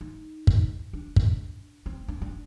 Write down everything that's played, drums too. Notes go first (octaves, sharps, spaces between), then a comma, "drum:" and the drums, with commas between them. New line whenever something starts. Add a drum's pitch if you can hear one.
D#4
drum: kick
D4
drum: kick
C4
D4
D4